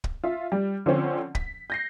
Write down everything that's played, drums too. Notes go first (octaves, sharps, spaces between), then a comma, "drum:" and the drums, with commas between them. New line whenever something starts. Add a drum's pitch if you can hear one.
drum: kick
F4 E5
G3
D3 F3 C4 C#4
B6, drum: kick
G6 A#6 C7